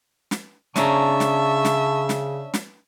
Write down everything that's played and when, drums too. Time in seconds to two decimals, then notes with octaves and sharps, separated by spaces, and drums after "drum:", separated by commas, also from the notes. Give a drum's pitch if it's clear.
0.31 drum: snare
0.76 C#3 C#4 D4 E5 A5 A#5 C#6, drum: snare
1.20 drum: snare
1.65 drum: snare
2.09 drum: snare
2.54 drum: snare